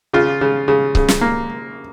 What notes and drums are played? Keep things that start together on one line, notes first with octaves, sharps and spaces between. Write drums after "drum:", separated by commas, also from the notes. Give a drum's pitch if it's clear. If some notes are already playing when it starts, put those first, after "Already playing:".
C#3 F4
C#3
C#3
C#3, drum: kick C#1
drum: snare
A#3